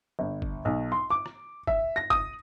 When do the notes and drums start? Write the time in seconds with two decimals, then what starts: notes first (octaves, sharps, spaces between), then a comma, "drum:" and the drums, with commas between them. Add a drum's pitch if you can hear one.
0.19 G1
0.42 drum: kick
0.65 B1
0.92 C6
1.10 D6
1.26 drum: rim click
1.67 E5, drum: kick
1.96 A#6
2.10 D#6, drum: kick